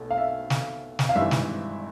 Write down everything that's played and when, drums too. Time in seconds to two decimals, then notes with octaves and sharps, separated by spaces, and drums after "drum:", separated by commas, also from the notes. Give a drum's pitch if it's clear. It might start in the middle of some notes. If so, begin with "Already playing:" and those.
Already playing: B1 B2 A3
0.11 F5
0.18 E5
0.50 drum: snare
0.99 drum: snare
1.09 F5
1.15 G#1 G2 E3 G3 E5
1.31 drum: snare